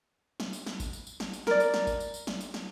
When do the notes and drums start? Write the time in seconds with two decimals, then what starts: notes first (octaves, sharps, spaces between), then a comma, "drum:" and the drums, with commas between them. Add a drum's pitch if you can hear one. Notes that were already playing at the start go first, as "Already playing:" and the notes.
0.40 drum: snare
0.53 drum: tambourine
0.66 drum: snare
0.80 drum: kick A1, tambourine
0.93 drum: tambourine
1.07 drum: tambourine
1.20 drum: snare
1.33 drum: tambourine
1.47 A#4 D5, drum: snare
1.60 drum: tambourine
1.74 drum: snare
1.87 drum: kick A1, tambourine
2.00 drum: tambourine
2.14 drum: tambourine
2.27 drum: snare
2.41 drum: tambourine
2.54 drum: snare